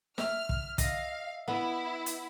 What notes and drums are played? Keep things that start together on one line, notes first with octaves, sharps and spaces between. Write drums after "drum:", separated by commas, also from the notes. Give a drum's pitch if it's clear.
E5 F6, drum: snare
drum: kick
D#5 F5, drum: kick, hi-hat
B3 E4
drum: hi-hat